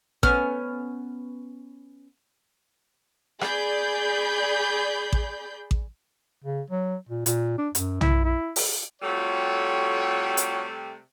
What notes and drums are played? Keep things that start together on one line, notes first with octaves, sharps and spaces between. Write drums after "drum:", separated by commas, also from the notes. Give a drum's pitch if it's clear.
B3 C#4 F6, drum: kick A1
G#4 D5 B5 G6, drum: rim click
drum: kick A1
drum: kick A1
C#3
F#3
A#2
A#2, drum: hi-hat
D4
F#2, drum: hi-hat
E4, drum: tom B1
E4
drum: open hi-hat
C3 G3 A3 F4 F#4 C#5
drum: hi-hat